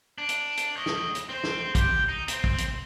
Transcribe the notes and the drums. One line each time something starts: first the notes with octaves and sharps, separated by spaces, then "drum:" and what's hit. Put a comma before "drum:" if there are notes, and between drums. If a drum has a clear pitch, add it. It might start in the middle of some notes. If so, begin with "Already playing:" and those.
D4
drum: hi-hat
drum: hi-hat
C#5 D#5
drum: snare
drum: hi-hat
C4 C5
drum: snare
G4, drum: kick, hi-hat
D#4
C4, drum: hi-hat
drum: kick
drum: hi-hat